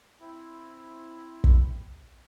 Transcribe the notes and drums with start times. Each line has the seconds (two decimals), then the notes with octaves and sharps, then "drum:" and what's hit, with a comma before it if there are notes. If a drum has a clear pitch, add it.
0.20 C4 E4
1.44 drum: kick